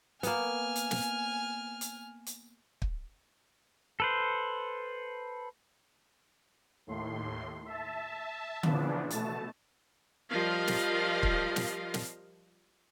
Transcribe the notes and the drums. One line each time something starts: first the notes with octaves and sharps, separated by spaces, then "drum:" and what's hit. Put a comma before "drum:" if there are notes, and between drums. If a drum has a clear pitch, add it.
A#3 B3 G#5 F6, drum: hi-hat
drum: hi-hat
drum: snare
drum: hi-hat
drum: hi-hat
drum: kick
A4 B4 C5
D#2 A2 C6
E5 A5
A#2 C#3 E3 F3 B3 D4, drum: tom D3
B2 A3 A5, drum: hi-hat
F3 G3 F4 A#4 D#5 F5
drum: snare
drum: kick
drum: snare
drum: snare